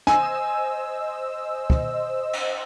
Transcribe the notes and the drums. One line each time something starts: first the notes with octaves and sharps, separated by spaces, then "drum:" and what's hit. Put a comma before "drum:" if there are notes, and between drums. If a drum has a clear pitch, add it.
C5 D#5 G#5 E6, drum: snare
drum: kick
drum: cymbal